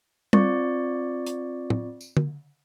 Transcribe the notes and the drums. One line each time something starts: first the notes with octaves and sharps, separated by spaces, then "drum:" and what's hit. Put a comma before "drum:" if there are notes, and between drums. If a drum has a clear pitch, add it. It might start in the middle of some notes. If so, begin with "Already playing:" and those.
C4 F4 D5 C#6 D6 A6, drum: tom G3
drum: hi-hat
drum: tom
drum: tambourine
drum: tom D3